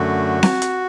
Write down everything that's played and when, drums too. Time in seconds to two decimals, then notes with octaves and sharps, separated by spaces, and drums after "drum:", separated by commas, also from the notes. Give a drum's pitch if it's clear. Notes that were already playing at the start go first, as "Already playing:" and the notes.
Already playing: F#2 D3 A3 F#4
0.43 drum: snare C4
0.62 drum: hi-hat